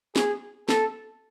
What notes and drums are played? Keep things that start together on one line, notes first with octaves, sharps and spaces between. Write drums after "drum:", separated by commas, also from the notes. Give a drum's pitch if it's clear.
G#4, drum: snare
A4, drum: snare